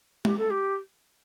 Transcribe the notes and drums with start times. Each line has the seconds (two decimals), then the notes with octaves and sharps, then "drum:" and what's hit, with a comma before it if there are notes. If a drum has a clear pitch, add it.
0.25 G4, drum: tom G#3
0.38 A4
0.50 G4